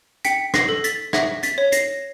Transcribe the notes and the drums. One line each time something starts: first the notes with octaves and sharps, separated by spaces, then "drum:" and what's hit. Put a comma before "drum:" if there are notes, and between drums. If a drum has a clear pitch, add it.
G5 B6 C#7, drum: hi-hat
A#6 C7, drum: rim click
A4
A6 B6, drum: hi-hat
E5 G#6 A#6, drum: rim click
A6 B6, drum: hi-hat
C#5
A#6 C7, drum: hi-hat